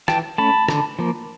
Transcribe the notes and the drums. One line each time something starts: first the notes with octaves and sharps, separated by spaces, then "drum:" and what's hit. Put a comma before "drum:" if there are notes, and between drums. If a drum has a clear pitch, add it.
E3 G5 A5, drum: rim click
A3 C#4 A5 B5
D3, drum: rim click
F3 A#3